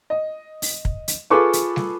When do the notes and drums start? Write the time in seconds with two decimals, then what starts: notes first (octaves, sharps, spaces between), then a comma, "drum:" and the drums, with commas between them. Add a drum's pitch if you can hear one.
0.10 D#5
0.62 drum: open hi-hat
0.85 drum: kick
1.08 drum: hi-hat
1.30 F4 G#4 A4 B4 C#6 D6
1.53 drum: hi-hat
1.76 drum: snare G3